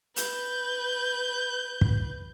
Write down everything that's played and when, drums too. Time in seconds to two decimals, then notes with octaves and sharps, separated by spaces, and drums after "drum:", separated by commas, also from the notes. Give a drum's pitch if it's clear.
0.16 B4 G6, drum: hi-hat
1.81 drum: kick